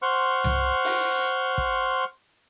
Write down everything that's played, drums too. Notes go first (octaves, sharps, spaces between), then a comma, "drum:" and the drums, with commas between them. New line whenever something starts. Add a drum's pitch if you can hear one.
C5 F#5 C6 C#6 F6
drum: tom C2
drum: open hi-hat
drum: kick